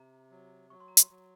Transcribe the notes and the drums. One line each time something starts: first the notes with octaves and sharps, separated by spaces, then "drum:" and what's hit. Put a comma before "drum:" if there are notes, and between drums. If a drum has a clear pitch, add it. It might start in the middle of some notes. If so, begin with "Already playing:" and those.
Already playing: C3 A#5
F#3
F#3 C#6
C6
A#5
C6, drum: hi-hat
F#3